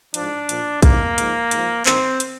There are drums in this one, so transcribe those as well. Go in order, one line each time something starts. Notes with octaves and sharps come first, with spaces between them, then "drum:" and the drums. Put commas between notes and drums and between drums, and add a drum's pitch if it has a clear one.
G#2 F3 D4, drum: hi-hat
A#2 F3, drum: hi-hat
G#2 D#3 A#3, drum: kick, hi-hat
G#2 F3, drum: hi-hat
G#2 F3, drum: hi-hat
G2 D#3 C4, drum: clap
drum: hi-hat